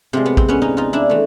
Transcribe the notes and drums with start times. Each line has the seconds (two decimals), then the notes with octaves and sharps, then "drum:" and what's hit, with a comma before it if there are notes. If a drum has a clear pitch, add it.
0.13 C3 F3 G#3 C4
0.26 B3
0.37 C4, drum: kick A1
0.49 B3 C#4
0.62 C#4 D#4
0.77 D#4 F4
0.93 D4 E4
1.09 E3 A3